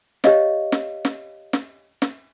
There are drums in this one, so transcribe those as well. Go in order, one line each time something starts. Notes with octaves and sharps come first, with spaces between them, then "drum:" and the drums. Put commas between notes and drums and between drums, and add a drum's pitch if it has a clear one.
G4 C#5 D#5 F5, drum: snare
drum: snare
drum: snare
drum: snare
drum: snare